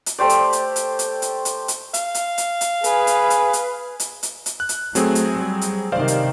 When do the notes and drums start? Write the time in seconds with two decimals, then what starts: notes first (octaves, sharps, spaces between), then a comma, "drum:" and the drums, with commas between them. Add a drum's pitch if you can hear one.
0.06 drum: hi-hat
0.18 A3 G4 C5 D5
0.29 drum: hi-hat
0.53 drum: hi-hat
0.76 drum: hi-hat
0.99 drum: hi-hat
1.22 drum: hi-hat
1.45 drum: hi-hat
1.68 drum: hi-hat
1.94 F5, drum: hi-hat
2.15 drum: hi-hat
2.38 drum: hi-hat
2.61 drum: hi-hat
2.84 G#4 B4, drum: hi-hat
3.07 drum: hi-hat
3.30 drum: hi-hat
3.53 drum: hi-hat
4.00 drum: hi-hat
4.23 drum: hi-hat
4.46 drum: hi-hat
4.60 F#6
4.69 drum: hi-hat
4.95 F#3 A3 C4 G#4, drum: hi-hat
5.15 drum: hi-hat
5.35 G3
5.61 drum: hi-hat
5.92 C3 D#3 G3 C5 D5 F5
6.08 drum: hi-hat